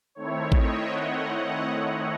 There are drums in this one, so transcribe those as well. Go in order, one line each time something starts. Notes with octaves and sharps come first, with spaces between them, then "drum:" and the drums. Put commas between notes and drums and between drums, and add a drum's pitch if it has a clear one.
D#3 A3 C4 E4 C#5
D#5, drum: kick A1
F#5